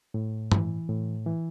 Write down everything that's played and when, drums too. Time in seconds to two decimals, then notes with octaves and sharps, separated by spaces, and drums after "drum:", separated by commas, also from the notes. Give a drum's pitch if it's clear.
0.14 A2
0.52 E3, drum: tom G2
0.89 A2
1.26 E3